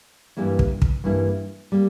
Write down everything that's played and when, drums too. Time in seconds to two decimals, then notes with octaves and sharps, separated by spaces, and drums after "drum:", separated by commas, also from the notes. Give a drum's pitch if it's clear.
0.37 G2 E3 G3 A#3 E4
0.59 drum: kick
0.82 drum: kick
1.04 G2 E3 G3 A#3 E4
1.72 G3 A#3